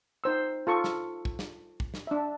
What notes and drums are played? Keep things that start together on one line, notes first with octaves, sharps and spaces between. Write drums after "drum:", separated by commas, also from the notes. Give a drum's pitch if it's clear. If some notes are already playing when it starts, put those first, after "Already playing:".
D#4 C5 E6
F4 A4 C#6
drum: snare
drum: kick
drum: snare
drum: kick
drum: snare
D4 E5